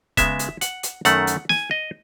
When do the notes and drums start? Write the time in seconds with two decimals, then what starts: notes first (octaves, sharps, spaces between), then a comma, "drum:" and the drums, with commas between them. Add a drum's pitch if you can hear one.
0.17 C#3 G#3 B3 E5, drum: kick E1, hi-hat
0.39 drum: hi-hat
0.61 F#5, drum: hi-hat
0.83 drum: hi-hat
1.05 F#2 D#3 A3 F#5, drum: hi-hat
1.27 drum: hi-hat
1.49 G#5, drum: snare
1.71 D#5